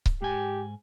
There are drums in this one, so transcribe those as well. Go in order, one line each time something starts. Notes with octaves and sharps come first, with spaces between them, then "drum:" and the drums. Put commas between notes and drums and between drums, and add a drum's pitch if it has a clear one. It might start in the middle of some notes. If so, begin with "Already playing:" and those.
drum: kick C#1
G#2 G4 G#5